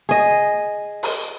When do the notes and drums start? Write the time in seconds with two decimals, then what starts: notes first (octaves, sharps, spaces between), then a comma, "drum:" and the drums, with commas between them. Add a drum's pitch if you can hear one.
0.09 G#4 D#5
1.03 drum: open hi-hat